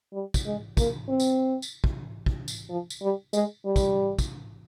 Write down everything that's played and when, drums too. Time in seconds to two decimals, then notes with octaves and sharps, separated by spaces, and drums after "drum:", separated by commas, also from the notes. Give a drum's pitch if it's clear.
0.13 G3
0.34 drum: kick, tambourine
0.46 G#3
0.77 A#3, drum: kick, tambourine
1.09 C4
1.20 drum: tambourine
1.62 drum: tambourine
1.84 drum: kick
2.26 drum: kick
2.48 drum: tambourine
2.69 F3
2.90 drum: tambourine
3.02 G3
3.33 G#3, drum: tambourine
3.65 G3
3.76 drum: kick, tambourine
4.19 drum: kick, tambourine